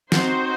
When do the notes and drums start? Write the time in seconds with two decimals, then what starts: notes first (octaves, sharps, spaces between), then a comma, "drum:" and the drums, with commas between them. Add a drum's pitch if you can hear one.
0.12 C4 D#4 F#4 C5, drum: snare